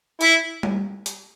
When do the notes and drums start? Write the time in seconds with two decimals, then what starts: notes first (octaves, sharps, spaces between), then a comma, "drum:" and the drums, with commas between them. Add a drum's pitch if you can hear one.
0.21 E4, drum: hi-hat
0.63 drum: tom G3
1.06 drum: hi-hat